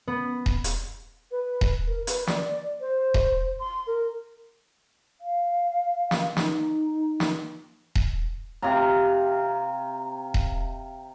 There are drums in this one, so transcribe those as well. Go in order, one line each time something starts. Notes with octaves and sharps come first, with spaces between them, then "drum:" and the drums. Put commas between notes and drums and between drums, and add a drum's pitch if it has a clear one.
B3
drum: kick D#1
drum: hi-hat
B4
drum: kick D#1
A#4
B4, drum: hi-hat
D5, drum: snare
C5
drum: kick D#1
C6
A#4
F5
drum: snare
D#4, drum: snare
drum: snare
drum: kick D#1
C3 F5 A#5
drum: kick D#1